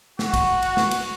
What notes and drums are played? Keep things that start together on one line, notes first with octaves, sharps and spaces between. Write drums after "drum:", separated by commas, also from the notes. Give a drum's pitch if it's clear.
F#4, drum: snare
drum: kick, cymbal
drum: cymbal
drum: snare
drum: cymbal